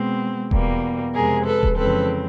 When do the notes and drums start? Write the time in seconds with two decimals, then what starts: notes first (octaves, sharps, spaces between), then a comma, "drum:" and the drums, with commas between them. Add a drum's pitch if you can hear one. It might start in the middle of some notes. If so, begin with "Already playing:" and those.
Already playing: B2 G#3 C4
0.51 E2 B2 G3 A#3, drum: kick D#1
1.14 F2 C3 F3 G#3 G#4 A#4
1.45 A4 B4
1.63 drum: kick D#1
1.77 F2 C#3 E3 G#3 C4 A4 B4